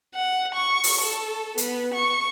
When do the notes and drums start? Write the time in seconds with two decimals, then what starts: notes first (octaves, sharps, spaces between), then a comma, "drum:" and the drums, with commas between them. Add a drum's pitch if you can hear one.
0.15 F#5
0.55 C#6
0.83 drum: open hi-hat
1.01 A4
1.58 B3, drum: hi-hat
1.94 C#6